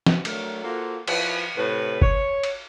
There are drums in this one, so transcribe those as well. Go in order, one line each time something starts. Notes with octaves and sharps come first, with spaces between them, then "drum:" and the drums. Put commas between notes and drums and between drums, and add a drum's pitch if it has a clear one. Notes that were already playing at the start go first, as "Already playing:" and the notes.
drum: snare
F#3 A3 D4 A#4, drum: cymbal
A#3 F4 F#4 A4 C5
F3 E4 B4, drum: cymbal
A2 C3 B4
C#5, drum: kick
drum: cymbal